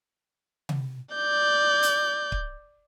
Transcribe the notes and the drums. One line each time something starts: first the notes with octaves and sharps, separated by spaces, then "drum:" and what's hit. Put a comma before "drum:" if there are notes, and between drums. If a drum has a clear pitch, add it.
drum: tom C3
D5 G6
drum: hi-hat
drum: kick C#1